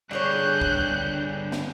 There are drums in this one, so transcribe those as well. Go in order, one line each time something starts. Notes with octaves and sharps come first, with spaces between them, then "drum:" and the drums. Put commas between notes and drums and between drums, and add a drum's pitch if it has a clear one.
G2 D3 D4 G#4 C#5 F#6 G6
drum: kick
drum: snare